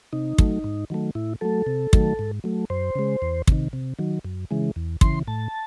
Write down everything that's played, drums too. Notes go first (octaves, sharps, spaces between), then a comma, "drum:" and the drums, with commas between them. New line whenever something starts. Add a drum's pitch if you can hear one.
C3 D#4
F#3 A3, drum: kick
G#2
D#3 F#3 A3
A2 E4
F#3 A3 A4
C3
D#3 F#3 A3, drum: kick
G#2
F#3 A3
F#2 C5
C#3 G#3
E2
C3 D#3, drum: kick
C3
D#3 F#3
F#2
C#3 E3 G#3
E2
C#3 E3 C6, drum: kick
A2 A5